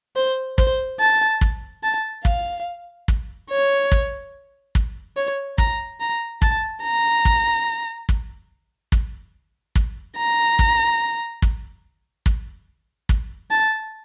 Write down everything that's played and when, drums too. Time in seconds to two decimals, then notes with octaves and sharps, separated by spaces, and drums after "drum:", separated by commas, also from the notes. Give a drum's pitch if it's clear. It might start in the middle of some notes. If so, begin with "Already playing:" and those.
0.16 C5
0.58 C5, drum: kick
1.00 A5
1.41 drum: kick
1.83 A5
2.25 F5, drum: kick
3.08 drum: kick
3.50 C#5
3.92 drum: kick
4.75 drum: kick
5.17 C#5
5.58 A#5, drum: kick
6.00 A#5
6.42 A5, drum: kick
6.83 A#5
7.25 drum: kick
8.09 drum: kick
8.92 drum: kick
9.75 drum: kick
10.17 A#5
10.59 drum: kick
11.42 drum: kick
12.26 drum: kick
13.09 drum: kick
13.51 A5